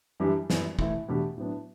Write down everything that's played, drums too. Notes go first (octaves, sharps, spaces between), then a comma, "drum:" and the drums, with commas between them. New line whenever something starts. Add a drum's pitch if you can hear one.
F#2 E3 G3 D4 G4
F#2 E3 B3, drum: snare
E3 A3 E4, drum: kick
E2 B2 A3 D4 G4
A2 F#3 B3 D4